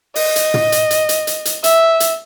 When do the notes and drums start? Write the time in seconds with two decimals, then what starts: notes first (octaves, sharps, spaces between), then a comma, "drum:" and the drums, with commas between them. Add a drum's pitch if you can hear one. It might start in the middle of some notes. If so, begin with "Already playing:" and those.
0.16 D#5, drum: open hi-hat
0.36 drum: hi-hat
0.54 drum: tom
0.72 drum: hi-hat
0.91 drum: hi-hat
1.09 drum: hi-hat
1.27 drum: hi-hat
1.45 drum: hi-hat
1.64 E5, drum: hi-hat
2.00 drum: hi-hat